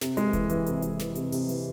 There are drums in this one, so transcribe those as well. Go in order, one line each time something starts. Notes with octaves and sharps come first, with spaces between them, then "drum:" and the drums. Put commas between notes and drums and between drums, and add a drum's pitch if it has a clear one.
C3, drum: snare
G#3, drum: hi-hat
E3, drum: kick D#1, hi-hat
E3, drum: hi-hat
C3, drum: hi-hat
G#3, drum: hi-hat
E3, drum: snare
C3, drum: hi-hat
C3, drum: open hi-hat
E3, drum: hi-hat